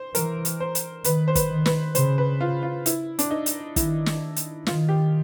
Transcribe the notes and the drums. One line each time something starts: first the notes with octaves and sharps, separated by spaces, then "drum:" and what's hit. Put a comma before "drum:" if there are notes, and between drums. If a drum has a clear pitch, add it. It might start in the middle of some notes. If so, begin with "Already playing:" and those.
Already playing: C5
E3 A#4, drum: hi-hat
drum: hi-hat
C5
drum: hi-hat
D#3 B4, drum: hi-hat
C5
B4, drum: kick, hi-hat
D#3
B4, drum: snare
C#3 C5, drum: hi-hat
B4
F4
F4
E4, drum: hi-hat
D4, drum: hi-hat
D#4
drum: hi-hat
D#3 E4, drum: kick, hi-hat
drum: snare
drum: hi-hat
D#3 F4, drum: snare
G4